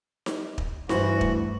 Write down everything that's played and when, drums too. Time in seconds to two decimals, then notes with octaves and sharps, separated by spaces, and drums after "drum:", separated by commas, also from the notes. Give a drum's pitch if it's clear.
0.26 drum: snare D#4
0.58 drum: kick
0.89 G2 E3 A3 E4 F#4 C5, drum: snare D#4
1.21 drum: kick